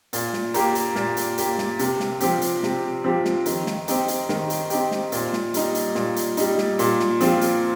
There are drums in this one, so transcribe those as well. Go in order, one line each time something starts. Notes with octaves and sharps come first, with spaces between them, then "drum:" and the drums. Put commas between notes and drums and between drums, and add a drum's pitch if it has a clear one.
A#2, drum: hi-hat
drum: snare
A#3 G4, drum: hi-hat
drum: hi-hat
A#2, drum: snare
drum: hi-hat
A#3 G4, drum: hi-hat
drum: snare
C3, drum: hi-hat
drum: snare
F3 C4 G4, drum: hi-hat
drum: hi-hat
C3, drum: snare
F3 C4 G4
drum: snare
D#3, drum: hi-hat
drum: snare
C4 D#4 G4, drum: hi-hat
drum: hi-hat
D#3, drum: snare
drum: hi-hat
C4 D#4 G4, drum: hi-hat
drum: snare
A#2, drum: hi-hat
drum: snare
G3 D#4, drum: hi-hat
drum: hi-hat
A#2, drum: snare
drum: hi-hat
G3 D#4, drum: hi-hat
drum: snare
A#2, drum: hi-hat
drum: snare
F3 C4 F4, drum: hi-hat
drum: hi-hat